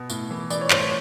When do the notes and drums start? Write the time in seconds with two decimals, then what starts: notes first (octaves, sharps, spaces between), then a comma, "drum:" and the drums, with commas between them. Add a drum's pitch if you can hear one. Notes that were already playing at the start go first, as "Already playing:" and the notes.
Already playing: B2
0.10 A2, drum: tambourine
0.30 E3
0.50 E3 D5, drum: tambourine
0.61 C#5
0.70 A2 C5, drum: clap
0.81 C#5